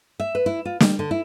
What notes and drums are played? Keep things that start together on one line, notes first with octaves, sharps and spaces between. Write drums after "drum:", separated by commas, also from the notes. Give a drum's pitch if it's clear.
E5
B4
E4
F4
G3, drum: snare
D3
E4